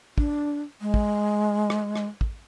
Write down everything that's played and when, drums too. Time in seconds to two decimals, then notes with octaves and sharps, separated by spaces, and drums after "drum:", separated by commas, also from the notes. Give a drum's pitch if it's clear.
0.18 D4, drum: kick
0.81 G#3
0.94 drum: kick
1.70 drum: rim click
1.96 drum: rim click
2.21 drum: kick